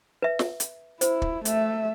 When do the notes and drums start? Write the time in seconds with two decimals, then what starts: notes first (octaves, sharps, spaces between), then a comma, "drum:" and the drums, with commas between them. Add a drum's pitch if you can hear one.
0.22 B4 E5
0.39 drum: snare
0.60 drum: hi-hat
1.01 E4 C5, drum: hi-hat
1.22 drum: kick
1.45 A3 E5, drum: hi-hat